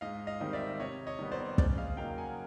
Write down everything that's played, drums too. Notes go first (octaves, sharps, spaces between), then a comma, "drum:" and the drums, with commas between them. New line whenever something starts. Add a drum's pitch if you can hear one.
G#2 D#5 F5
D#5 F5
D#3 G3 C4 D#4
D5 E5
C3 C#5 D#5
C#5 D#5
D#3 G3 B3 D#4
C5 D5
C#3 C5 D5, drum: kick
D#5 F5
F#3 A#3 D#4 F5 G5
F#5 G#5